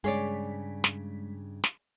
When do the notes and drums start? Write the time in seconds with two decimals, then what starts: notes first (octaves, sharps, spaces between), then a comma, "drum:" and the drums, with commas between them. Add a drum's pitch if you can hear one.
0.04 G2 C#3 G#3 G#4 C#5 D5 B6
0.84 drum: snare
1.64 drum: snare